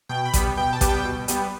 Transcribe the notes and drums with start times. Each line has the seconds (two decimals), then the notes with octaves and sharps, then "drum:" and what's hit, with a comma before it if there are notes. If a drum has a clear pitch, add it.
0.09 B2 G5
0.25 B5
0.34 G3 B3, drum: kick A1, hi-hat
0.57 B2 G5
0.73 A5
0.81 G3 B3, drum: kick A1, hi-hat
0.89 G5
1.05 B2
1.28 G3 B3, drum: hi-hat